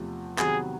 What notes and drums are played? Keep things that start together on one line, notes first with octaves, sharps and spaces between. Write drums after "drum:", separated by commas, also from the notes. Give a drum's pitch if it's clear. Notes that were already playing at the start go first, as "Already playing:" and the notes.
Already playing: E2 C3 F3 A3
C3 D#3 F#3 B3 G#4, drum: clap